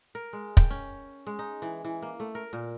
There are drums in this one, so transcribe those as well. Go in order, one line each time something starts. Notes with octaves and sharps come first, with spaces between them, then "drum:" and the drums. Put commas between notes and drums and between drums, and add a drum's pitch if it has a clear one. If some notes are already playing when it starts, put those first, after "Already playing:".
A#4
G#3
G5, drum: kick
C#4
G#3
D#4
E3
E3
A#3
A3
A#4
A#2